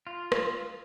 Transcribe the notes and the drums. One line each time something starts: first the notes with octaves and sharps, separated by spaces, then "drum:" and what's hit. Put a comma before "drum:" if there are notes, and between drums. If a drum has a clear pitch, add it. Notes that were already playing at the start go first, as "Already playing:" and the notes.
F4
drum: rim click